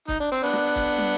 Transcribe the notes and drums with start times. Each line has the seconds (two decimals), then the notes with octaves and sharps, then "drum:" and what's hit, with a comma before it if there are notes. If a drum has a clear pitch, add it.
0.08 D#4, drum: kick C#1, hi-hat
0.20 D4
0.32 C4, drum: hi-hat
0.43 B3 D4
0.53 drum: snare
0.76 drum: kick C#1, hi-hat
0.98 drum: tom